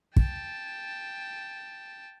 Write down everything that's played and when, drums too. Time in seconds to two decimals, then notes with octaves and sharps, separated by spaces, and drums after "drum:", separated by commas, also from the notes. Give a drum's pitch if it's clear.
0.16 G5 A5, drum: kick